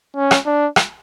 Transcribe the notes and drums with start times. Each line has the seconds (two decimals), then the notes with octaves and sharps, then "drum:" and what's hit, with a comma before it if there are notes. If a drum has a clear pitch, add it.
0.16 C#4
0.31 drum: rim click
0.46 D4
0.76 drum: rim click